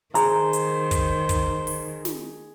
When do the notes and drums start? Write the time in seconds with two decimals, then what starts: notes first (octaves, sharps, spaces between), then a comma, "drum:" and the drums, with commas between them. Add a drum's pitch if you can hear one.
0.15 D#3 G#4 C5 A#5, drum: hi-hat
0.53 drum: hi-hat
0.91 drum: kick, hi-hat
1.29 drum: kick, hi-hat
1.67 drum: open hi-hat
2.05 drum: snare